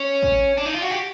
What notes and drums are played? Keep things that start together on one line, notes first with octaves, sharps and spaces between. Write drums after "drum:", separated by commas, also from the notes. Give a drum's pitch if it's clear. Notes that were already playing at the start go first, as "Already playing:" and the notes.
Already playing: C#4
drum: kick
D4
D#4
F4
F#4
G4